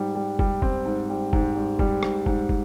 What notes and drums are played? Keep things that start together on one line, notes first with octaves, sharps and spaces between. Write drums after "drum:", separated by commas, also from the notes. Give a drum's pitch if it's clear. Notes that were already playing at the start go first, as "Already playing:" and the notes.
Already playing: G#2 G3
G3
G3, drum: kick
C4, drum: kick
G#2
G3
G#2, drum: kick
G3
G3, drum: kick
G#2, drum: rim click
G#2, drum: kick
drum: kick